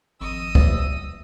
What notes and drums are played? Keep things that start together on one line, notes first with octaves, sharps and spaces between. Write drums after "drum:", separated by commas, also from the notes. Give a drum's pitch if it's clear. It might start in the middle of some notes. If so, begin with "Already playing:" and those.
G#1 F2 D#5 D#6 E6
G3 D5 E5, drum: kick